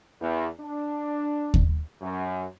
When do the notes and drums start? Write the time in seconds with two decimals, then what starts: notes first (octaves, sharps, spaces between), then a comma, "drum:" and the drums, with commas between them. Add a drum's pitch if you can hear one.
0.21 E2
0.61 D4
1.54 drum: kick D#2
2.01 F#2